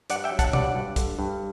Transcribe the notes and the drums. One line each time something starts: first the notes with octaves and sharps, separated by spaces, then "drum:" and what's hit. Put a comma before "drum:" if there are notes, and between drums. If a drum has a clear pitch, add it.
G2 D5 F#5, drum: hi-hat
E5 G5
F#3
F#5 A5, drum: kick, hi-hat
G2 D5 F#5, drum: tom
G2
D3, drum: kick, hi-hat
G2